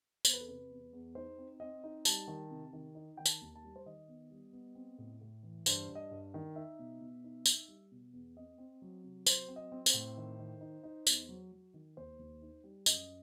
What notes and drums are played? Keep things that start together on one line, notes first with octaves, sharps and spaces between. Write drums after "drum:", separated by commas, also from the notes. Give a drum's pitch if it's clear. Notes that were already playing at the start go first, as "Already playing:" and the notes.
E2 C5, drum: tambourine
B4
A4
C3 B4
E2
E2
D#4 C5
C4
C4 D#5
D#4
G3 A5, drum: tambourine
D#3
C3
D#3
D#4
D#3 G5
A5, drum: tambourine
D#2
A5
G3
C5
D#3 D#5
B3
G3
B3
C4
A2
A2
E3
G2 C5, drum: tambourine
G2
D#5
G2
D#3
D#4 E5
B2
B2
D#4
D#4, drum: tambourine
G3
B2
E2
C4 D#5
C4
F#3
C3
F#3 C5, drum: tambourine
C4
D#5
C4
C5, drum: tambourine
A2
D#3
D#3
D#4
D#4
E2, drum: tambourine
F#3
F#3
D#3
D#2 C5
D#2
D#4
G3
F#2 D#5, drum: tambourine